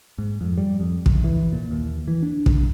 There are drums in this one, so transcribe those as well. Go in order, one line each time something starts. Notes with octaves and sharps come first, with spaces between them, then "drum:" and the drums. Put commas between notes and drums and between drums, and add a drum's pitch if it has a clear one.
G#2
F2
G3
F2
A#1, drum: kick
E3
A#2
D#2
E3
D4
drum: kick
C2